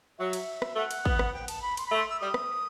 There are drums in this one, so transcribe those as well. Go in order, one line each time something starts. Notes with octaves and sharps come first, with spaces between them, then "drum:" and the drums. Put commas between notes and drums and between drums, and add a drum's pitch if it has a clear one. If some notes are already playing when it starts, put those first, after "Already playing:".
F#3 E5
drum: cymbal
drum: rim click
A3 F#5
drum: cymbal
B3, drum: kick
drum: rim click
G5
A5, drum: cymbal
B5
C6, drum: cymbal
A3 B5
C6
E6
G3 D#6
drum: rim click